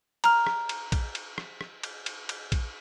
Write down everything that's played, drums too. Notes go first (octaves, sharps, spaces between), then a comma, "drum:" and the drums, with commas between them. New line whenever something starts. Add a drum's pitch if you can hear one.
A#5 F6, drum: cymbal
drum: rim click
drum: cymbal
drum: kick A#1, cymbal
drum: cymbal
drum: rim click
drum: rim click
drum: cymbal
drum: cymbal
drum: cymbal
drum: kick A#1, cymbal